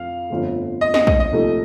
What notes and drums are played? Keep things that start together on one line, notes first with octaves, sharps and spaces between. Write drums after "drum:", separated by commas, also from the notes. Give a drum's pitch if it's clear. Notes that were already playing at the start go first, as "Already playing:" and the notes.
Already playing: F2 F5
G1 F2 D3 A3
D#5
D#5, drum: snare
D#5, drum: kick
D#5
C2 A#2 F3 A3 D#4